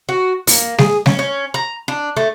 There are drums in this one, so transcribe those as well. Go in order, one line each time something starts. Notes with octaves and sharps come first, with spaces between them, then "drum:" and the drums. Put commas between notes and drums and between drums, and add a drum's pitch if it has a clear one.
F#4
A#3, drum: open hi-hat
G#4, drum: snare G3
C#4, drum: snare G3
C#4
A#5
D4
A3